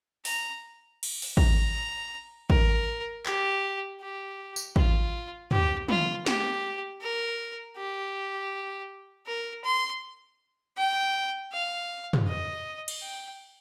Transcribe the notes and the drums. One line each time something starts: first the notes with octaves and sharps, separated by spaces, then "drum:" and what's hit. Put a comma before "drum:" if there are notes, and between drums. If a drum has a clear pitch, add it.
A#5, drum: open hi-hat
drum: cymbal
drum: open hi-hat
A#5, drum: kick
A#4, drum: kick
G4, drum: clap
G4
drum: tambourine
F4, drum: kick
G4, drum: tom
F4, drum: tom
G4, drum: snare
A#4
G4
A#4
C6
G5
F5
drum: tom
D#5
drum: cymbal
G5